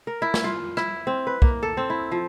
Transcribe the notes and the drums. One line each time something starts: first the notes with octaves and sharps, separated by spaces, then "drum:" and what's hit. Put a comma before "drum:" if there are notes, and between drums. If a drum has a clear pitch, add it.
A#4
E4
drum: snare
F4
E4, drum: rim click
C4
B4
A#3, drum: kick
A4
C4
E4
F3